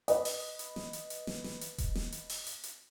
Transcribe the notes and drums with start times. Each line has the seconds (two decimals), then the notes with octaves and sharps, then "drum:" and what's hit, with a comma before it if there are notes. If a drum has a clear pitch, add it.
0.08 B4 D#5, drum: hi-hat
0.25 drum: open hi-hat
0.59 drum: hi-hat
0.76 drum: snare
0.93 drum: hi-hat
1.10 drum: hi-hat
1.27 drum: snare
1.44 drum: snare
1.61 drum: hi-hat
1.78 drum: kick E1, hi-hat
1.95 drum: snare
2.12 drum: hi-hat
2.29 drum: open hi-hat
2.47 drum: hi-hat
2.64 drum: hi-hat